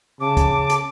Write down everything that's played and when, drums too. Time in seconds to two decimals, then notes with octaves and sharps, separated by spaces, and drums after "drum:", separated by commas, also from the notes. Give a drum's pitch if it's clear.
0.20 C#3 A5 D6
0.37 drum: kick, hi-hat
0.70 drum: hi-hat